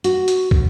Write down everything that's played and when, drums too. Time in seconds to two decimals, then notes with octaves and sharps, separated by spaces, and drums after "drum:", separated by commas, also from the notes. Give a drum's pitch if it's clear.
0.04 F#4, drum: hi-hat
0.28 drum: hi-hat
0.51 drum: kick